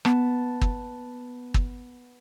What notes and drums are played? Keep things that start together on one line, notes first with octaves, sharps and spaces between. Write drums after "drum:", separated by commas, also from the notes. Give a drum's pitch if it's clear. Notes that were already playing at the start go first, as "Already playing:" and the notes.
B3 A5, drum: rim click
drum: kick
drum: kick